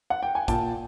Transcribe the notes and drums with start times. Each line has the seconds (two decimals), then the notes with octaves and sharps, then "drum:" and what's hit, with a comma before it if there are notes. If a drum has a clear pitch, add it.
0.10 F#5
0.23 G5
0.35 G#5
0.48 A#2 G5 A5, drum: kick, hi-hat